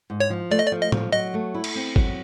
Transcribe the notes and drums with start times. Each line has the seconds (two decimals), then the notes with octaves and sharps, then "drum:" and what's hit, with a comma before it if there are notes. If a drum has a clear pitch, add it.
0.10 G#2
0.20 C#5
0.30 F3
0.51 A3 D5
0.59 D#5
0.66 D5
0.72 F3
0.82 D#5
0.92 F3, drum: tom A2
1.13 F#3 D#5
1.34 A3
1.54 E4
1.64 drum: cymbal
1.75 C4
1.96 F#3, drum: kick